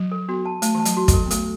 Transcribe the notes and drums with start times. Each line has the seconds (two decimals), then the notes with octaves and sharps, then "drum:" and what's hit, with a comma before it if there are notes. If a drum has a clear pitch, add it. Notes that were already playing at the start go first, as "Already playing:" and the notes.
Already playing: F#3
0.12 A4
0.29 B3 F#4
0.45 A5
0.62 A3 A5, drum: hi-hat
0.75 E3
0.80 A5
0.85 F#3, drum: hi-hat
0.97 F#4
1.08 F#3, drum: kick, hi-hat
1.13 A4
1.26 B3
1.31 A3 A4, drum: hi-hat